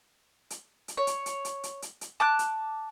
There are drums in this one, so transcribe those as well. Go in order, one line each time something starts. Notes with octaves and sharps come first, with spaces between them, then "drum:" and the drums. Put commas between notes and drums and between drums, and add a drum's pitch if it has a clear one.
drum: hi-hat
drum: hi-hat
C#5
drum: hi-hat
drum: hi-hat
drum: hi-hat
drum: hi-hat
drum: hi-hat
drum: hi-hat
A5 D6 F#6
drum: hi-hat